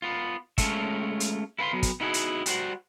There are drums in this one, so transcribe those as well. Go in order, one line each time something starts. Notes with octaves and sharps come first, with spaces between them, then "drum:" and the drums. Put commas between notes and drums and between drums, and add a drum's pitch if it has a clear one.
B3 F4
G#3 A3 C#4 F4 C#5 E5, drum: kick, hi-hat
drum: hi-hat
E4 B4 F5 C6
F#3 B3
drum: kick, hi-hat
B3 D#4 E4 F#4 G#4
drum: hi-hat
G3 F#4 C5 F#5, drum: hi-hat